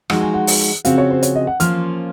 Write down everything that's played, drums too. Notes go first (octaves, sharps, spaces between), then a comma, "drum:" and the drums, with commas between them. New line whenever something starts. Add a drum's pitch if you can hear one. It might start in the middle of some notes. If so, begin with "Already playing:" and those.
F3 G#3 D#4 F#4 F#5, drum: rim click
G#5
F#5
drum: open hi-hat
C#3 F3 C4 F#4 F5, drum: hi-hat
C#5
C5
C#5, drum: hi-hat
D#5
F#5
F3 A#3 C#4 F4 F6, drum: hi-hat